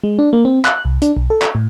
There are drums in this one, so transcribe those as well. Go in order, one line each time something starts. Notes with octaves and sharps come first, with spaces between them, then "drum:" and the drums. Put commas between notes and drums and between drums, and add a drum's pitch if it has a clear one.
G#3
D4
A#3
C4
F#6, drum: clap
C2
D4, drum: hi-hat
B1
A4
drum: clap
A2